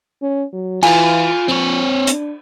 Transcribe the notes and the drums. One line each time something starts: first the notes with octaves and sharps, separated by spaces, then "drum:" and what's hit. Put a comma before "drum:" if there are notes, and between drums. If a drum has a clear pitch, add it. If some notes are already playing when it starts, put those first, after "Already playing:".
C#4
F#3
E3 F4 G#5, drum: cymbal
F3 C4 C#5
D4, drum: hi-hat